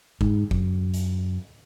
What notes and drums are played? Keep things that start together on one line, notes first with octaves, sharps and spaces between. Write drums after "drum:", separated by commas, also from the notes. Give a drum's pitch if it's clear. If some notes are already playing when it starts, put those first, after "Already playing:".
G#2, drum: kick F#1
F#2, drum: kick F#1
drum: hi-hat